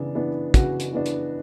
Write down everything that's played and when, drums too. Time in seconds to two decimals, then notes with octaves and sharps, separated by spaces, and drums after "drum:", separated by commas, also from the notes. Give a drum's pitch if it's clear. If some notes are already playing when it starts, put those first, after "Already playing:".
Already playing: C#3 E3 B3 D4
0.15 E3 B3 D4
0.54 C#3 F#4, drum: kick, hi-hat
0.80 drum: hi-hat
0.93 E3 B3 D4
1.06 drum: hi-hat